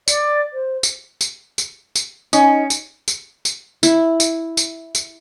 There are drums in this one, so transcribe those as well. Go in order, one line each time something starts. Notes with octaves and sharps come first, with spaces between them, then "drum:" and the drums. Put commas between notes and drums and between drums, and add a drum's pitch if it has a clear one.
D5, drum: tambourine
C5
drum: tambourine
drum: tambourine
drum: tambourine
drum: tambourine
C#4 D#4 D#5, drum: tambourine
drum: tambourine
drum: tambourine
drum: tambourine
E4, drum: tambourine
drum: tambourine
drum: tambourine
drum: tambourine